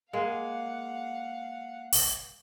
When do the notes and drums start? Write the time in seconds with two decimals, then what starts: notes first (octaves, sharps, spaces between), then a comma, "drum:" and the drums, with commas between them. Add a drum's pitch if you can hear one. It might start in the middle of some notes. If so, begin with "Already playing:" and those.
0.13 G#3 A#3 G#4 F5 F#5
1.93 drum: open hi-hat